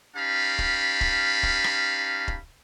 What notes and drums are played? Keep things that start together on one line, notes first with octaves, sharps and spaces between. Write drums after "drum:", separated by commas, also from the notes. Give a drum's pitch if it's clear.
C#4 D#4 G4 F5 A5 B5
drum: kick
drum: kick
drum: kick
drum: rim click
drum: kick